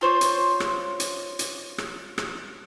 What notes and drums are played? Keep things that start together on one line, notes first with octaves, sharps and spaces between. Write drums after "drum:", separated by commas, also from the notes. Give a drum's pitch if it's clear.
F4 C5 C#5
drum: hi-hat
drum: rim click
drum: hi-hat
drum: hi-hat
drum: rim click
drum: rim click